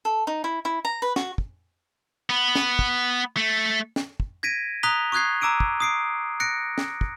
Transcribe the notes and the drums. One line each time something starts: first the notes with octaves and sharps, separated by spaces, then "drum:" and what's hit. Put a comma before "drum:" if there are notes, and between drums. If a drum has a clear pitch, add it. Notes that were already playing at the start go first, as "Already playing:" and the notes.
A4
D#4
E4
E4
A#5
B4
F#4, drum: snare
drum: kick
B3
drum: snare
drum: kick
A3
drum: snare
drum: kick
G#6 A#6 B6 D7 D#7
A#5 D#6 F#6 B6 F7 G7
C#6 D#6 F#6 G#6 C7
A#5 D6 E6 D7 D#7
drum: kick
D#6 C7 D7
F#6 A#6 C#7 D7
drum: snare
drum: kick